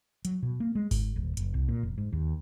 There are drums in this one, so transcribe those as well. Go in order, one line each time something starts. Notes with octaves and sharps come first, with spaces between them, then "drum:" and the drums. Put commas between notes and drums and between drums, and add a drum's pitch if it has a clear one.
F#3, drum: hi-hat
B2
A#3
G#3
G#2, drum: kick G1, open hi-hat
D#1
F#1, drum: hi-hat
C2
A#2
F1
G#2
D#2